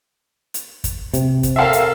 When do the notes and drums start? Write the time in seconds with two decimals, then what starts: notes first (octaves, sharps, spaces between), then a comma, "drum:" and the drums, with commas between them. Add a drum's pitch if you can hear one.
0.54 drum: hi-hat
0.84 drum: kick, hi-hat
1.14 C3, drum: hi-hat
1.43 drum: kick, hi-hat
1.56 A4 A#4 E5 F5
1.73 drum: hi-hat